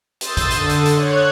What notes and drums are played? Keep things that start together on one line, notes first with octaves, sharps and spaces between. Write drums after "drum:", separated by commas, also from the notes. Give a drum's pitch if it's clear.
C6 D#6 E6 G6 A6, drum: hi-hat
drum: kick, hi-hat
D3, drum: hi-hat
drum: hi-hat
drum: hi-hat
C#5 F#6 G#6